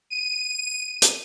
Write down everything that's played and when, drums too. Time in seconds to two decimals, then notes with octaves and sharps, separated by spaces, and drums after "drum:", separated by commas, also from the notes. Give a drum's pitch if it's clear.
0.10 D#7
1.02 drum: hi-hat